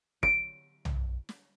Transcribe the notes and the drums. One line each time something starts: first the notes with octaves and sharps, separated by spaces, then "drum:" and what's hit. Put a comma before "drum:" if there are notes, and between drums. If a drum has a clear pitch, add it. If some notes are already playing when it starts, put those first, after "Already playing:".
D7, drum: kick
drum: tom B1
drum: snare